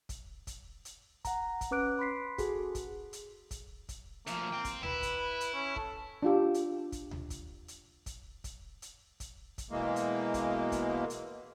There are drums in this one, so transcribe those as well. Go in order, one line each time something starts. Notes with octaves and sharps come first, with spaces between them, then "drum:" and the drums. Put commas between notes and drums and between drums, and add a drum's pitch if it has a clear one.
drum: kick, hi-hat
drum: kick, hi-hat
drum: hi-hat
F#5 A#5, drum: kick, hi-hat
drum: kick, hi-hat
C#4 B4 D6 F#6 D7
B5 C6 B6 C7
F#4 G#4 A4, drum: kick, hi-hat
drum: kick, hi-hat
drum: hi-hat
drum: kick, hi-hat
drum: kick, hi-hat
D2 F3 A#3, drum: hi-hat
C5 G5
drum: kick, hi-hat
E4 B4, drum: tom D2
drum: kick, hi-hat
drum: hi-hat
C#4
A4, drum: kick
D4 F4 G4
drum: hi-hat
drum: kick, hi-hat
drum: tom D2
drum: kick, hi-hat
drum: hi-hat
drum: kick, hi-hat
drum: kick, hi-hat
drum: hi-hat
drum: kick, hi-hat
drum: kick, hi-hat
B2 E3 G#3 A#3
drum: hi-hat
drum: kick, hi-hat
drum: kick, hi-hat
drum: hi-hat